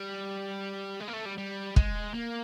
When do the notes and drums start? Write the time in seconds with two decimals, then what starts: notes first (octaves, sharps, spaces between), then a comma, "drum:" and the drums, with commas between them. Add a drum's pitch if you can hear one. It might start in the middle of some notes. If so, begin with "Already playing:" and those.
Already playing: G3
1.00 G#3
1.08 A#3
1.13 A3
1.26 G3
1.38 G3
1.76 G#3, drum: kick
2.14 A#3